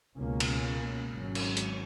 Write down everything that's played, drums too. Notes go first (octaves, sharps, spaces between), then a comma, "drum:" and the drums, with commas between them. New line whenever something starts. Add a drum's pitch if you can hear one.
C#2 B2 A#3 C#4
drum: cymbal
G#1 G#2 F#3 C#4
drum: cymbal
drum: hi-hat